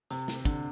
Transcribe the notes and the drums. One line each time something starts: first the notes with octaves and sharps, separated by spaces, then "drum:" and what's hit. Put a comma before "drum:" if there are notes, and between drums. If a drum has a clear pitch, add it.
C3, drum: hi-hat
drum: snare
D3, drum: kick, hi-hat